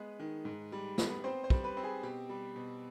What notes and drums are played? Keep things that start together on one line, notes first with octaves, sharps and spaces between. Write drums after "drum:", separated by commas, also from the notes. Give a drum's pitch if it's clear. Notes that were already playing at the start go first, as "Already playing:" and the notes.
Already playing: G#3 B3 B4
D#3
G#2
G3
B3, drum: snare
C4 C5
C5
G3, drum: kick
B4
C4
G#4
B2 G4
G3
B2